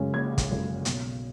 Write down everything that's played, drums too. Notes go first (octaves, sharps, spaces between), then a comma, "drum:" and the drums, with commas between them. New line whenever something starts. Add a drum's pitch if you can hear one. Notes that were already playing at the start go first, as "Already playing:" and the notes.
Already playing: F#2 C#3 G#3 C#4
F#1 G#6
drum: kick, hi-hat
F#2 C#3 G#3 C#4
B1, drum: hi-hat